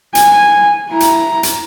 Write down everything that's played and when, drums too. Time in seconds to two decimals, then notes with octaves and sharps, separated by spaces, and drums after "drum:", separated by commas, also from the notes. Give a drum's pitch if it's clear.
0.15 G#5, drum: hi-hat
0.91 E4 A#5
1.00 drum: hi-hat
1.43 drum: hi-hat